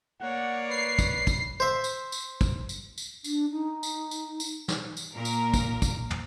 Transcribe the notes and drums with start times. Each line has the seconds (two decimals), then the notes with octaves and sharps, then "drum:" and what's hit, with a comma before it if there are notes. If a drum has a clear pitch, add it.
0.21 A#3 C#5 D5 F#5
0.70 B4 C7
0.99 drum: kick, tambourine
1.27 drum: kick, tambourine
1.60 C5 E5
1.84 drum: tambourine
2.12 drum: tambourine
2.41 drum: kick, tambourine
2.69 drum: tambourine
2.98 drum: tambourine
3.24 D4, drum: tambourine
3.51 D#4
3.83 drum: tambourine
4.11 drum: tambourine
4.40 drum: tambourine
4.68 drum: snare
4.97 drum: tambourine
5.14 A#2 A#4
5.25 drum: tambourine
5.54 drum: kick, tambourine
5.82 drum: kick, tambourine
6.10 drum: tom